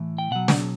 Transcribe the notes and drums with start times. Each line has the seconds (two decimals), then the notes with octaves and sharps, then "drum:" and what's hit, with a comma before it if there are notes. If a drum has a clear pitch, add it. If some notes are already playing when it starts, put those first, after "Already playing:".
Already playing: A2 E3
0.18 G5
0.31 B2 F#3 F#5
0.48 drum: snare